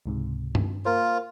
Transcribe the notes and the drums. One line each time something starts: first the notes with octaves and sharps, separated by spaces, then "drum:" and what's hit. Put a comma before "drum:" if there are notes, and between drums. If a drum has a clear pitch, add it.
C#2 G#2 C3
drum: tom G2
A#3 F4 A#4 C5